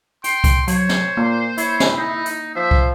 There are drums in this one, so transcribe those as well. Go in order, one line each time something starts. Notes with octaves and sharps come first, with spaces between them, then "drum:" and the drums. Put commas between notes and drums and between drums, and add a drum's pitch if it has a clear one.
G5 C6, drum: hi-hat
drum: kick C2, hi-hat
F#3 C5 C#5, drum: hi-hat
drum: snare
A#2 A#3
E4 C#5, drum: hi-hat
drum: snare
D#4
drum: hi-hat
F3 C5 E5
drum: kick C2